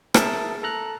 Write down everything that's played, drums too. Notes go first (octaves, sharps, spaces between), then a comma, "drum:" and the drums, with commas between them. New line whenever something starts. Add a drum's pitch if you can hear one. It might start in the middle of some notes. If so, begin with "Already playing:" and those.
G#4 A#4 E5 A5, drum: rim click
A4 A#5 F#6